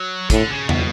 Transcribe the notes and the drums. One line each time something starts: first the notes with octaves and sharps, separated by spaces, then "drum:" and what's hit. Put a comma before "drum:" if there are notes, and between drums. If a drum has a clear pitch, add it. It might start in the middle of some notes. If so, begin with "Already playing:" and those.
Already playing: F#3
A2 D3, drum: kick, hi-hat
C#3
B2, drum: tom